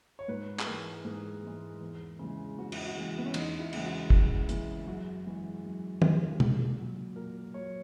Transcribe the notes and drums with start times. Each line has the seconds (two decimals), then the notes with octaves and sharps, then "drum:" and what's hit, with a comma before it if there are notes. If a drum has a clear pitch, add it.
0.19 C#5
0.28 G#2 B4
0.59 G#4, drum: clap
0.67 E3 G#3 A#4
1.05 G#2 G#4
1.43 E3 G#3
1.81 E2
2.19 C#3 E3 G#3
2.57 E2 F#4
2.72 E4, drum: cymbal
2.86 F#4
2.96 C#3 E3 G#3
3.18 B3
3.26 C#4
3.34 E2 D#4, drum: cymbal
3.59 E4
3.73 C#3 E3 G#3, drum: cymbal
3.85 F#4
4.10 E2, drum: kick
4.49 C#3 E3 G#3, drum: hi-hat
4.87 F#2 F#4
5.26 E3 G#3
5.64 F#2
6.02 E3 G#3, drum: tom
6.40 A#2, drum: tom B2
6.78 F#3
7.16 A#2 A#4
7.54 F#3 C#5